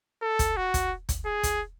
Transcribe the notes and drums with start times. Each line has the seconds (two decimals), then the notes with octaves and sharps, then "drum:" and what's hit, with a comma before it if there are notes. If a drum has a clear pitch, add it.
0.22 A4
0.39 drum: kick, hi-hat
0.57 F#4
0.74 drum: kick, hi-hat
1.09 drum: kick, hi-hat
1.25 G#4
1.43 drum: kick, hi-hat